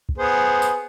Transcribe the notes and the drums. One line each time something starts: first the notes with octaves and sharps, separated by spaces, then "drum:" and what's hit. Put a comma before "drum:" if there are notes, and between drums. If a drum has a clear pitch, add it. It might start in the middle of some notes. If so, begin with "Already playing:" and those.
drum: kick
B3 G#4 C5
drum: tambourine